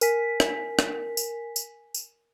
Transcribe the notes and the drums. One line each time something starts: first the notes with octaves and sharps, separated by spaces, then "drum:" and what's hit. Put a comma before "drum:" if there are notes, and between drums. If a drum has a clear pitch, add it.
A#4 G#5 B6, drum: tambourine
drum: rim click
drum: rim click
drum: tambourine
drum: tambourine
drum: tambourine